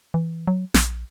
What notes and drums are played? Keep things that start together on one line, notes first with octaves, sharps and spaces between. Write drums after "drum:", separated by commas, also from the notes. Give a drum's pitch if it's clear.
E3
F#3
A#1, drum: snare